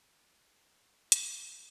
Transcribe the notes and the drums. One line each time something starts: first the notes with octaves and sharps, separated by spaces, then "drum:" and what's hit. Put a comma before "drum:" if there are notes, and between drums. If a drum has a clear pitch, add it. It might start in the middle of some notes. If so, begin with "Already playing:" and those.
C3 E4 F5 F#5
drum: hi-hat
D4 B4 F#5